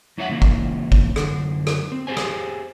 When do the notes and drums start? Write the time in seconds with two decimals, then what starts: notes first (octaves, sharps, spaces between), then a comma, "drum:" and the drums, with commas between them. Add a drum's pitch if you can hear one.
0.18 F2 C#4 D#4 C#5 E5 F#5
0.29 C#3 E3 A#3 C#4
0.42 drum: kick
0.92 drum: kick
1.16 F#2 D3, drum: rim click
1.67 drum: rim click
1.92 C4
2.07 G4 G#4 B4 C5 G#5
2.17 drum: rim click